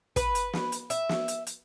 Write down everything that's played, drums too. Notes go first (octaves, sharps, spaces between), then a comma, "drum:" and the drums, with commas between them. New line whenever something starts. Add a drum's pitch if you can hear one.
B4, drum: kick, hi-hat
drum: hi-hat
drum: snare
drum: hi-hat
E5, drum: hi-hat
drum: snare
drum: hi-hat
drum: hi-hat